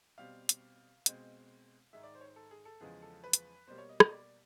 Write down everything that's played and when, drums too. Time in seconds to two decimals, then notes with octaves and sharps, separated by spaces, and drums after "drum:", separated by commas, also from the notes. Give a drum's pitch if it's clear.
0.18 B2 G3 C4 F5
0.49 drum: hi-hat
1.06 B2 G#3 C4, drum: hi-hat
1.93 G#2 D#3 G#3 E5
2.03 D5
2.15 C5
2.21 C#5
2.26 C5
2.36 A4
2.51 G#4
2.65 A4
2.81 E2 C#3 F3 G#3 B3 G#4
3.02 A4
3.24 B4
3.33 drum: hi-hat
3.67 B2 G3 A#3 C5
3.78 C#5
3.89 D#5
4.00 D#5, drum: rim click
4.11 D5